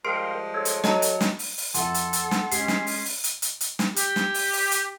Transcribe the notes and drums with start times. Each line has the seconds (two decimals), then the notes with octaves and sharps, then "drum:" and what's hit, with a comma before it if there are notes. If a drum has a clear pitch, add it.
0.05 F3 G3 G#3 A#4 F5 G5 C6
0.54 A4 C#5
0.65 drum: hi-hat
0.84 F#3 D#5 A5 A#5, drum: snare
1.02 drum: hi-hat
1.21 drum: snare
1.39 drum: open hi-hat
1.57 drum: open hi-hat
1.74 F2 A4 E5 F#5 C6, drum: hi-hat
1.94 drum: hi-hat
2.13 drum: hi-hat
2.31 drum: snare
2.51 G#3 C#4 G4 G#6 B6 C7, drum: hi-hat
2.68 drum: snare
2.87 drum: open hi-hat
3.05 drum: open hi-hat
3.24 drum: hi-hat
3.42 drum: hi-hat
3.61 drum: hi-hat
3.79 drum: snare
3.96 G4, drum: hi-hat
4.16 drum: snare
4.34 drum: open hi-hat
4.53 drum: open hi-hat
4.71 drum: hi-hat